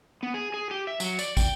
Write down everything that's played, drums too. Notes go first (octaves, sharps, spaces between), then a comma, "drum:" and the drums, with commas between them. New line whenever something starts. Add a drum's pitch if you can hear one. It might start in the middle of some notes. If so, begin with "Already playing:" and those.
B3
G#4
G#4
G4
E5
F#3, drum: tambourine
D5, drum: tambourine
G5, drum: kick, tambourine